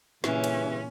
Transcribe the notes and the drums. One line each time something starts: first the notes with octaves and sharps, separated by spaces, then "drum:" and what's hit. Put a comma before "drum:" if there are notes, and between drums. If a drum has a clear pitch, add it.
G2 A#2 C#3 E3 C#4, drum: snare
drum: cymbal